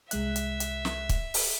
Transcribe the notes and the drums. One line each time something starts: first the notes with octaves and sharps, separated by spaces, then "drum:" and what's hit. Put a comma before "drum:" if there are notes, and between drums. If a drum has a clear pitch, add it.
C2 G#3 E5 F#6, drum: hi-hat
drum: hi-hat
drum: hi-hat
drum: snare
drum: kick, hi-hat
drum: open hi-hat